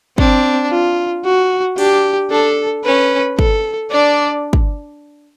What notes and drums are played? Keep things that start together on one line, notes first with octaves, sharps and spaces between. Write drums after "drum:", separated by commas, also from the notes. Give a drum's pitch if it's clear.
C4 D4, drum: kick
F4
F#4
D4 G4, drum: open hi-hat
D4 A4
C#4 B4
A4, drum: kick
D4 D5
drum: kick